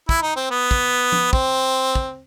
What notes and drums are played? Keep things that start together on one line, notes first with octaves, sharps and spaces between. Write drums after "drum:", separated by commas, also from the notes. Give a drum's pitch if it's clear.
E4, drum: kick
D#4
C4
B3
drum: kick
drum: tom F3
C4, drum: kick
drum: kick